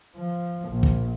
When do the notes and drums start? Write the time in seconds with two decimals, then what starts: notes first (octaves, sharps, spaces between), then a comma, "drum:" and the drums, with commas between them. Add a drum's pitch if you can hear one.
0.16 F3
0.69 A#1
0.83 drum: kick